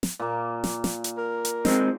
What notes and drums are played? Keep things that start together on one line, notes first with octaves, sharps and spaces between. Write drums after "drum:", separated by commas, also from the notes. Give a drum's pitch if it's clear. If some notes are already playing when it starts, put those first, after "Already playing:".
drum: snare
A#2 A#3
drum: snare
drum: snare
drum: hi-hat
A#4
drum: hi-hat
G#3 C4 D#4, drum: snare